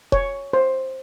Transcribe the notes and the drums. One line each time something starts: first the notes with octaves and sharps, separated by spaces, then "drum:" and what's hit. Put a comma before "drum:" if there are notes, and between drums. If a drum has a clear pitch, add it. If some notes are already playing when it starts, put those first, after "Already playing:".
C#5, drum: kick E1
C5